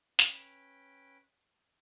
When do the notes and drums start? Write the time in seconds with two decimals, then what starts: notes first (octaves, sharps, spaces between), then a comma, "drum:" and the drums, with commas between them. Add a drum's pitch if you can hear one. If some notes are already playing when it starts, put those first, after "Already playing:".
0.19 C#4 B4 G5, drum: snare